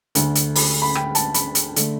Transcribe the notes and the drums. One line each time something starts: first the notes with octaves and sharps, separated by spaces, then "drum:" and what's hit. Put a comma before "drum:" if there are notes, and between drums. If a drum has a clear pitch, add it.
D2 D3 A3, drum: hi-hat
drum: hi-hat
B5, drum: open hi-hat
B5
G5, drum: rim click
A5, drum: hi-hat
B5, drum: hi-hat
drum: hi-hat
D3 A3, drum: hi-hat